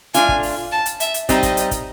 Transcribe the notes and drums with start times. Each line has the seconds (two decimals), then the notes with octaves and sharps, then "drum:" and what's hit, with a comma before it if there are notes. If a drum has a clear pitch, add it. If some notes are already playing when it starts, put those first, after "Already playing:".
0.14 A3 D4 F4 G#5, drum: hi-hat
0.29 drum: kick
0.43 drum: open hi-hat
0.72 A5
0.86 drum: hi-hat
1.00 E5, drum: hi-hat
1.14 drum: hi-hat
1.29 G3 C4 D#4 D#5, drum: kick, hi-hat
1.43 drum: kick, hi-hat
1.57 drum: hi-hat
1.71 drum: kick, hi-hat